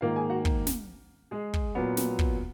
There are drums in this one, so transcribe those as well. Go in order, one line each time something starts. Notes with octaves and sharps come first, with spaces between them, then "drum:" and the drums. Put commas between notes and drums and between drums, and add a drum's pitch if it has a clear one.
G#2 D#3 A#3 F4 F5
G#4 G#5
F#4 F#5
drum: kick
drum: snare
G#3 G#4
drum: kick
A#2 F#3 B3
drum: snare
drum: kick